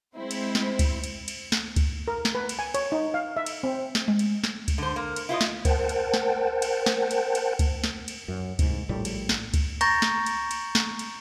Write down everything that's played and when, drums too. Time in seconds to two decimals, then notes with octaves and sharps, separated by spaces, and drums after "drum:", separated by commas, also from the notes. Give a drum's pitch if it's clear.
0.17 G#3 C4 E4 C5
0.31 drum: cymbal
0.55 drum: snare
0.79 drum: kick C#2, cymbal
1.04 drum: cymbal
1.28 drum: cymbal
1.52 drum: snare
1.76 drum: kick C#2, cymbal
2.08 A#4
2.25 drum: snare
2.35 B4
2.49 drum: cymbal
2.59 G#5
2.74 C#5, drum: cymbal
2.92 D#4
3.14 F5
3.37 E5
3.46 drum: cymbal
3.63 C4
3.95 drum: snare
4.08 G#3
4.19 drum: cymbal
4.44 drum: snare
4.68 drum: kick C#2, cymbal
4.78 D3 C5
4.96 A#3
5.16 drum: cymbal
5.29 E4 F4 C5 D#5
5.41 drum: snare
5.65 A#4 C5 F#5 G5 A5, drum: kick C#2, cymbal
5.89 drum: cymbal
6.14 drum: snare
6.62 drum: cymbal
6.86 drum: snare
7.11 drum: cymbal
7.35 drum: cymbal
7.59 drum: kick C#2, cymbal
7.84 drum: snare
8.08 drum: cymbal
8.28 F#2
8.59 C2 G#2, drum: kick C#2, cymbal
8.89 A#1 A2 G3
9.05 drum: cymbal
9.29 drum: snare
9.54 drum: kick C#2, cymbal
9.81 A#5 C#6 G6 A6 A#6, drum: cymbal
10.02 drum: snare
10.26 drum: cymbal
10.51 drum: cymbal
10.75 drum: snare
10.99 drum: cymbal